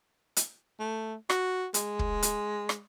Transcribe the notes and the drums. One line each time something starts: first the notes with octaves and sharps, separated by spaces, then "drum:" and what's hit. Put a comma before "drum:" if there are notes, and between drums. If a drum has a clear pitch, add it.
drum: hi-hat
A3
F#4, drum: rim click
G#3, drum: hi-hat
drum: kick
drum: hi-hat
drum: rim click